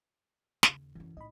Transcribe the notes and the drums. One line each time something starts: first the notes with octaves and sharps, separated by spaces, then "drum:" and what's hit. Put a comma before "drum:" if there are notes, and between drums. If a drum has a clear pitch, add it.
D#2 C#3, drum: snare
F#2 D3 E3
A2 D#4 D#5 B5